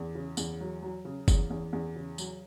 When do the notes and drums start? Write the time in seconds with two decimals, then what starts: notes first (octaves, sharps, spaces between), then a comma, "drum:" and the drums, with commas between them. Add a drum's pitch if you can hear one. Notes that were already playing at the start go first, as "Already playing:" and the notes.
Already playing: E2
0.15 C#3
0.37 E2, drum: tambourine
0.61 F#3
0.82 F#3
1.05 C#3
1.28 E2, drum: kick F#1, tambourine
1.50 E2
1.73 E2
1.96 C#3
2.18 F#3, drum: tambourine